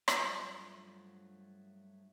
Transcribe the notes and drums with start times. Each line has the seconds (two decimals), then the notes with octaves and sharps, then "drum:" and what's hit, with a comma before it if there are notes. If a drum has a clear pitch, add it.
0.08 G2 F3 F#3 A3, drum: rim click